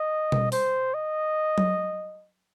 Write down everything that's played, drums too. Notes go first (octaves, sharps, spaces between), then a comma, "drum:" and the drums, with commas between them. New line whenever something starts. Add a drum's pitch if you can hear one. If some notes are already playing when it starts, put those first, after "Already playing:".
Already playing: D#5
drum: tom B2
C5, drum: open hi-hat
D#5
drum: tom F#3